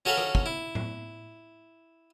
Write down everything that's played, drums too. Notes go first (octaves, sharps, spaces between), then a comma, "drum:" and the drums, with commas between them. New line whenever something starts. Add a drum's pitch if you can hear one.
C#4 F#4 A4 F5 F#5 B5
drum: rim click
drum: kick
E4
drum: tom A2